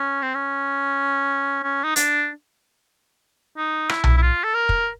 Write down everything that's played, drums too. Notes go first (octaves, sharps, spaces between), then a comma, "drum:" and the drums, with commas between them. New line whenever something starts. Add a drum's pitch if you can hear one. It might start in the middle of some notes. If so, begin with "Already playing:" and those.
Already playing: C#4
C4
C#4
C#4
D#4
D4, drum: hi-hat
D#4
E4, drum: rim click
drum: tom B1
E4
F4
A4
A#4
drum: kick